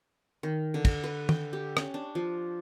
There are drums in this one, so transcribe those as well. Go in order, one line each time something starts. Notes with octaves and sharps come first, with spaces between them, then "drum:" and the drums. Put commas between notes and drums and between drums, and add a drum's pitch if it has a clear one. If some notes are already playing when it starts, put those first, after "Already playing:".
D#3
D3
drum: kick, cymbal
B4
G5, drum: tom
G4
C#4, drum: rim click
D4
F3